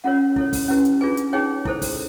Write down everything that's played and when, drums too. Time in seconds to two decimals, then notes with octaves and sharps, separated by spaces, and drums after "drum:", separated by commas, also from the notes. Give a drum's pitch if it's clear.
0.04 C#4 F4 A#4 C#5 F#5
0.36 E4 A4 C#5, drum: kick
0.53 drum: kick, open hi-hat
0.68 C#4 E4 G4 B4
0.85 drum: hi-hat
1.01 D4 F4 G#4 B4 G#5
1.17 drum: hi-hat
1.33 D#4 G#4 C#5 G5
1.65 E4 A4 C5, drum: kick
1.82 drum: kick, open hi-hat